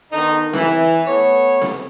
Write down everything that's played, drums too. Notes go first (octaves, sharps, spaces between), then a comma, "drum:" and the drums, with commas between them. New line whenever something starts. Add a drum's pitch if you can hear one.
D3 D#3 B3 D#4
E3, drum: snare C4
A3 B3 B4 C#5
drum: snare C4